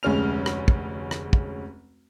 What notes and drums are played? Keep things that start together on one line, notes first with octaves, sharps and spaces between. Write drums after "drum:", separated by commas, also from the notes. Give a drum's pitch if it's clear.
F1 D2 G#3 C#4 F6 F7
drum: rim click
drum: kick
drum: rim click
drum: kick